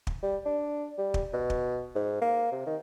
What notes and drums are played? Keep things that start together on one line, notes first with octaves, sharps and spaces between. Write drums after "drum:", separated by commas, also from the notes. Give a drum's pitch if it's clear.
drum: kick
G3
D4
G3
drum: kick
B2
drum: kick
G#2
A#3
C3
D#3